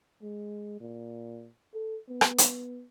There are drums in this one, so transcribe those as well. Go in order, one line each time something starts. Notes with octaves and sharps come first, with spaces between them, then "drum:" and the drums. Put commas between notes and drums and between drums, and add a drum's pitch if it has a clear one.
G#3
A#2
A4
B3
drum: rim click
drum: hi-hat